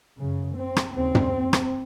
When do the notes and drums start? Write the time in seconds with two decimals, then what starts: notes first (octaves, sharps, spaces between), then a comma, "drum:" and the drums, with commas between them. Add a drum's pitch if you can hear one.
0.19 F#2 C#3
0.57 C4
0.76 drum: rim click
0.96 D#2 C#3 C4
1.15 drum: tom
1.53 drum: rim click